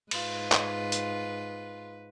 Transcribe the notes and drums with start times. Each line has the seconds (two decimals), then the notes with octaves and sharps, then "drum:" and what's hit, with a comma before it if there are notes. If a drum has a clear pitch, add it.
0.11 G#2 F4 B4, drum: cymbal
0.52 drum: clap
0.92 drum: hi-hat